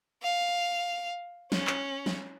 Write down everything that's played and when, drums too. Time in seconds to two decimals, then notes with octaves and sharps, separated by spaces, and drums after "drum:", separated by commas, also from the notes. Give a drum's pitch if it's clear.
0.23 F5
1.52 C#4, drum: snare
1.67 drum: clap
2.06 drum: snare